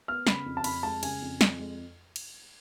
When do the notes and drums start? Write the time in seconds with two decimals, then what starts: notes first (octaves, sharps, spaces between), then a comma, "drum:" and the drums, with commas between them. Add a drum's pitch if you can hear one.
0.08 B3 F6
0.27 C#3 B5, drum: snare
0.46 F2
0.57 A5
0.64 F2 B5, drum: cymbal
0.83 G#3 A5
1.03 C#3 G#5, drum: cymbal
1.22 F2
1.41 F2, drum: snare
1.59 G#3
2.16 drum: cymbal